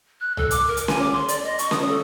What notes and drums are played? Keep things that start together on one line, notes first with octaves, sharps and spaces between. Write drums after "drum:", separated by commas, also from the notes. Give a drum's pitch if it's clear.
F#6
A4, drum: tom C2
D6, drum: hi-hat
A#4
drum: hi-hat
G#5, drum: snare C#4
D6
C6
D5, drum: hi-hat
D#5
C#6, drum: hi-hat
D#6, drum: snare C#4
A4